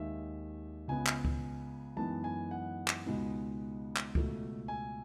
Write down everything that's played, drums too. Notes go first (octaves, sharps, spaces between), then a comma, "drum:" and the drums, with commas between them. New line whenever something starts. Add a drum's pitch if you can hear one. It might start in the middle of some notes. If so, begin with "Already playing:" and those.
Already playing: D#2 D#3 G#3 D#4 E5
C#2 C#3 G#3 B3 G#5
drum: clap
drum: kick C#2
F#2 E3 G#3 B3 D#4 A5
G#5
F#5
drum: clap
C#2 B2 G#3 B3 D#4
drum: clap
C#2 B2 A3, drum: kick C#2
G#5